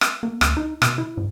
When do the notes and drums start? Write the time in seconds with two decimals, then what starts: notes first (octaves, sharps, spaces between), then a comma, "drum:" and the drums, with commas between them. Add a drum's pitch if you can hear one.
0.01 drum: rim click
0.23 A#3
0.41 D2, drum: rim click
0.57 D#4
0.82 B2, drum: rim click
0.98 E4
1.17 G#2